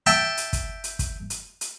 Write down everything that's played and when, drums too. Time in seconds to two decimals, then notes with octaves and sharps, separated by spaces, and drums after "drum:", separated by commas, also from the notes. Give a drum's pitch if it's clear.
0.06 E5 G5 A5, drum: hi-hat
0.37 drum: hi-hat
0.53 drum: kick, hi-hat
0.84 drum: hi-hat
0.99 drum: kick, hi-hat
1.30 drum: hi-hat
1.61 drum: hi-hat